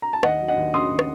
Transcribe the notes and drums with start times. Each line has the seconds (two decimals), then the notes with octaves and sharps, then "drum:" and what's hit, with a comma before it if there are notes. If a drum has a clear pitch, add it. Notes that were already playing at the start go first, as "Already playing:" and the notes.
0.02 A#5
0.13 A5
0.23 D#2 D#5 F#5, drum: rim click
0.40 F#3
0.48 D#5 F#5
0.56 D#2
0.74 C#3 C6 D#6
0.90 D#2
0.99 drum: rim click